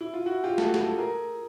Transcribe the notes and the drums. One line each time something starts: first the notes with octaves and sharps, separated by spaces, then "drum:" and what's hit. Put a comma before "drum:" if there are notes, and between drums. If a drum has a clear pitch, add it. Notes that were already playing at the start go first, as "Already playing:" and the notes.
E4
F4
E4 F#4
F4 G4
A4, drum: snare
F#4 G#4
G#4, drum: snare
G4 A4
G#4 A#4